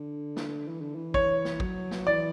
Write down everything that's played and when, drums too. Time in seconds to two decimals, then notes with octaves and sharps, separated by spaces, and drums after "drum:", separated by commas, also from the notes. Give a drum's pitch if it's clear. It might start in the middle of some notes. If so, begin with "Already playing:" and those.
Already playing: D3
0.36 drum: snare
0.68 E3
0.81 D3
0.95 E3
1.14 C#5, drum: kick
1.45 drum: snare
1.60 F#3, drum: kick
1.91 drum: snare
2.07 E3 D5